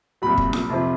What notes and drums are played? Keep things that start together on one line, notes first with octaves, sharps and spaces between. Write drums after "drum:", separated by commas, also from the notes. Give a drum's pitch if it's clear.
C2 A#2 F#3 B5
drum: kick
drum: snare F4
F2 C3 F3